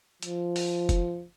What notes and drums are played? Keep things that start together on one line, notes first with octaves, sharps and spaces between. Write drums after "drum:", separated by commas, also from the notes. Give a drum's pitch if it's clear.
F3, drum: hi-hat
drum: open hi-hat
drum: kick F1, hi-hat